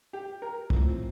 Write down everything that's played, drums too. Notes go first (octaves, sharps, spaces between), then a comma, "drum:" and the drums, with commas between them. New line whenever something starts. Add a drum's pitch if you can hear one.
G4
A#4
A2 F3 C4, drum: kick